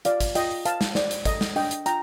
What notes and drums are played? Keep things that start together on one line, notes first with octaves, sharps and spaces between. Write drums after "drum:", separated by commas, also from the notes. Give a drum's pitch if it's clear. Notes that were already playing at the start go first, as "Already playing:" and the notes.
F4 D5 F5, drum: hi-hat
drum: kick, hi-hat
F4 D#5 G5, drum: hi-hat
drum: open hi-hat
C5 F5 A5, drum: hi-hat
drum: snare
C5 D5, drum: snare
drum: hi-hat
A4 D#5, drum: kick, hi-hat
drum: snare
D4 D#5 G5, drum: open hi-hat
drum: hi-hat
F4 G5 A#5, drum: hi-hat